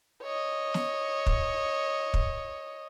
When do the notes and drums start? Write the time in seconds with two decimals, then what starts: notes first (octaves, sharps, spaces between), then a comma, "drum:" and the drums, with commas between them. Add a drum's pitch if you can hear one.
0.22 C#5 D#5
0.74 drum: snare
1.26 drum: kick
2.14 drum: kick